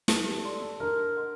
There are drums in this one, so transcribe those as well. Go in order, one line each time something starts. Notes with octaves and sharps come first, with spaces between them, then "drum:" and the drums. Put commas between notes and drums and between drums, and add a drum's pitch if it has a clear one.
G4 A4, drum: snare
D5 A5 C6
D4 A#4
A4 D#5 F#5 C6